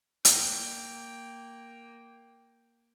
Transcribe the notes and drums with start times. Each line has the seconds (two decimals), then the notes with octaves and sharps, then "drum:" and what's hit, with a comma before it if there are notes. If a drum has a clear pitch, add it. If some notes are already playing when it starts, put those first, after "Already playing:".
0.25 A#3 G5, drum: hi-hat